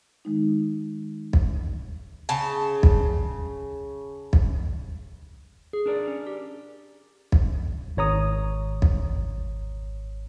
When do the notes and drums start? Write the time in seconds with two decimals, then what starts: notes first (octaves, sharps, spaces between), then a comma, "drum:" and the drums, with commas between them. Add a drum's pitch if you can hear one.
0.25 D#3 G#3 D#4
1.33 drum: kick
2.29 C#3 A5
2.83 drum: kick
4.33 drum: kick
5.73 G#4
5.86 D4 A#4 D5
6.08 C#4
6.27 G4
7.32 drum: kick
7.97 G#1 C#5 A#5 D#6
8.82 drum: kick